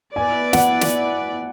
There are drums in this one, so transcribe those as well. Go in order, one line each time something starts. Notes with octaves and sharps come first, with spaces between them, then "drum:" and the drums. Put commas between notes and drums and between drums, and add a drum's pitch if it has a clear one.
B3 E4 B4 D5 G#5
F#5, drum: snare
drum: snare